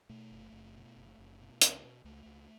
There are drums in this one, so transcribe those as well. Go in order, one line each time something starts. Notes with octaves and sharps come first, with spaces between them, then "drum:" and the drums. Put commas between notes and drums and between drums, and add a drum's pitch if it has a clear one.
B2 A3
F#1
F#1
B2
F#1
F#1
B2
C#2, drum: hi-hat
B2
C#2 A3
C#2